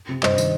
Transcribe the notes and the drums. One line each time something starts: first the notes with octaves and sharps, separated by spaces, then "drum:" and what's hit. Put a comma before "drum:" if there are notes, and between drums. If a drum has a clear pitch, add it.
C3
G2 C5 D#5, drum: clap
D#3, drum: tambourine